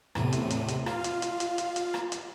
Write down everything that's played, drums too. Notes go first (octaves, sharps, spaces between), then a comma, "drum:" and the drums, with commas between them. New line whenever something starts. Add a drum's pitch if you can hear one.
E2 A2 C3 D#7, drum: rim click
drum: hi-hat
drum: hi-hat
drum: hi-hat
F4 F5, drum: rim click
drum: hi-hat
drum: hi-hat
drum: hi-hat
drum: hi-hat
drum: hi-hat
drum: rim click
drum: hi-hat